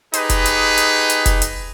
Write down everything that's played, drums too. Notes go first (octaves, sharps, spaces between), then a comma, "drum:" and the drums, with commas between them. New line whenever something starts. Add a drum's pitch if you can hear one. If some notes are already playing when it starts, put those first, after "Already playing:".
D#4 G4 G#4 B4, drum: hi-hat
drum: kick F1, hi-hat
drum: hi-hat
drum: hi-hat
drum: hi-hat
drum: kick F1, hi-hat
drum: hi-hat